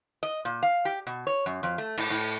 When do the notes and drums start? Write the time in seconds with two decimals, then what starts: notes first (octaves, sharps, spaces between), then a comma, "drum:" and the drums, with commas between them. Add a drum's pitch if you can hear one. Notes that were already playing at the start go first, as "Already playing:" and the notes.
0.23 D#5
0.45 A#2
0.63 F5
0.85 G4
1.07 B2
1.27 C#5
1.46 F#2
1.63 F2
1.78 A3
1.98 A2, drum: cymbal
2.10 A2